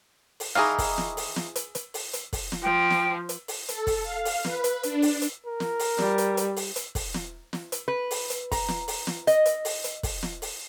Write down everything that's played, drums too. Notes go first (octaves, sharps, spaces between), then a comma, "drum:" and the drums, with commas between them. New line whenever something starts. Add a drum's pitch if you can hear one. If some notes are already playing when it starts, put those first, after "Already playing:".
drum: open hi-hat
D#3 E3 D#4 G#4 F5
drum: kick, open hi-hat
drum: snare
drum: open hi-hat
drum: snare
drum: hi-hat
drum: hi-hat
drum: open hi-hat
drum: hi-hat
drum: kick, open hi-hat
drum: snare
F3 G5
drum: snare
drum: hi-hat
drum: open hi-hat
A4, drum: hi-hat
drum: kick, open hi-hat
F5
drum: open hi-hat
B4, drum: snare
drum: hi-hat
D4, drum: hi-hat
drum: open hi-hat
drum: hi-hat
A#4
drum: snare
drum: open hi-hat
G3, drum: snare
drum: hi-hat
drum: hi-hat
drum: open hi-hat
drum: hi-hat
drum: kick, open hi-hat
drum: snare
drum: snare
drum: hi-hat
B4
drum: open hi-hat
drum: hi-hat
A#5, drum: kick, open hi-hat
drum: snare
drum: open hi-hat
drum: snare
D#5, drum: hi-hat
drum: hi-hat
drum: open hi-hat
drum: hi-hat
drum: kick, open hi-hat
drum: snare
drum: open hi-hat